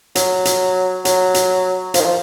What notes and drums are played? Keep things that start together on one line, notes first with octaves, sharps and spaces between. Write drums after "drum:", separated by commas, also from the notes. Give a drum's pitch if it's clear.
F#3, drum: hi-hat
drum: hi-hat
F#3, drum: hi-hat
drum: hi-hat
F3, drum: hi-hat
D#3
F3